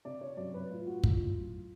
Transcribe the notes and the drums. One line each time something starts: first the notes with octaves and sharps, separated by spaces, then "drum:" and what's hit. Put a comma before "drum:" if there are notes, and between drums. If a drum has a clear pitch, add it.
C3 D5
C3 C#5
F#2 D5
F#2 B4
A2 F4
A2 F#4
A2 F4, drum: kick
A2
F#2